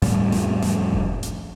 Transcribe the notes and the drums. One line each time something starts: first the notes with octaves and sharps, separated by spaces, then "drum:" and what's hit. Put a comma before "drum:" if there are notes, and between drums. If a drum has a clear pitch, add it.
F2 A2 F3 G3, drum: snare
drum: snare
drum: snare
drum: kick F1
drum: hi-hat